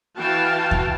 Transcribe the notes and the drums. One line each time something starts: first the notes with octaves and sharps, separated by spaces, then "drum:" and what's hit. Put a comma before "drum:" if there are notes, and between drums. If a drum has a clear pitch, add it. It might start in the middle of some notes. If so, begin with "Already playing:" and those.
E3 F#4 F5 G5 A5
drum: kick D#2